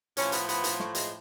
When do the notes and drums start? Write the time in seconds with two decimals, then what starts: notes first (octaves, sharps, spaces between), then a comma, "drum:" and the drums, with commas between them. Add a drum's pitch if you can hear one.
0.17 A2 F3 C#4, drum: hi-hat
0.32 B3, drum: hi-hat
0.49 B3, drum: hi-hat
0.64 drum: hi-hat
0.80 A3, drum: snare
0.95 G#3, drum: hi-hat